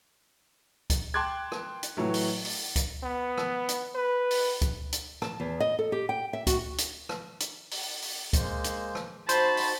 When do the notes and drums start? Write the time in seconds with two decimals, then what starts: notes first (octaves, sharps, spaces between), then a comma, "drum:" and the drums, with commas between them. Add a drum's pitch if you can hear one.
0.90 drum: kick C#2, hi-hat
1.14 G5 A5 C6 D6 F#6 G#6
1.52 drum: rim click
1.83 drum: hi-hat
1.97 A2 E3 F#3 A3
2.14 drum: open hi-hat
2.45 drum: open hi-hat
2.76 drum: kick C#2, hi-hat
3.03 B3
3.38 drum: rim click
3.69 drum: hi-hat
3.95 B4
4.31 drum: open hi-hat
4.62 drum: kick C#2, hi-hat
4.92 drum: hi-hat
5.22 A5, drum: rim click
5.40 E2
5.60 D#5
5.79 A4
5.92 G4
6.09 G5
6.33 E5
6.47 F#4, drum: kick C#2, hi-hat
6.78 drum: hi-hat
7.09 drum: rim click
7.40 drum: hi-hat
7.71 drum: open hi-hat
8.02 drum: open hi-hat
8.33 G#3 A#3 C5, drum: kick C#2, hi-hat
8.64 drum: hi-hat
8.95 drum: rim click
9.29 D#4 F#4 C5 A5 B5, drum: hi-hat
9.57 drum: open hi-hat